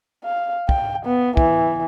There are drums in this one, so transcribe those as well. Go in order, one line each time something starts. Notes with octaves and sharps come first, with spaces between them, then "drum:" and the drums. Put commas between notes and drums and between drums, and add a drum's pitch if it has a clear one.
F5
G5, drum: kick
B3
E3, drum: kick